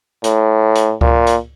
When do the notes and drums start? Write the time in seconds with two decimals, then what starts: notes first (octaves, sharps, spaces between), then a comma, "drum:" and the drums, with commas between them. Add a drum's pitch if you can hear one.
0.24 A2, drum: hi-hat
0.75 drum: hi-hat
1.01 A#2, drum: kick C#2
1.27 drum: hi-hat